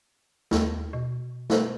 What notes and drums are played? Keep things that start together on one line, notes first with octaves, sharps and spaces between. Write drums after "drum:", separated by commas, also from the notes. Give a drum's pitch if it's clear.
D#2, drum: snare
B2
A4 B4 C5, drum: snare